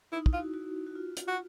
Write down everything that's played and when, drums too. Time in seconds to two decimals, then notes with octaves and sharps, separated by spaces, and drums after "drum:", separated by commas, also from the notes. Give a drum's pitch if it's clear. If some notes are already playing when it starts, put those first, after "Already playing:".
0.12 D#4 E4
0.26 E4, drum: kick
0.33 F4
0.40 F#4
0.54 F#4
0.87 F#4
0.95 F4
1.17 drum: hi-hat
1.28 F#4